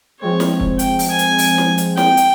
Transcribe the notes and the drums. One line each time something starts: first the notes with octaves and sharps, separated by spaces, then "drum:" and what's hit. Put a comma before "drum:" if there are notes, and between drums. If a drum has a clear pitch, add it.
F3 G#3 C4 C#5
drum: snare
drum: kick
G5, drum: hi-hat
drum: open hi-hat
G#5
drum: hi-hat
drum: open hi-hat
drum: snare
drum: hi-hat
G5, drum: snare
drum: hi-hat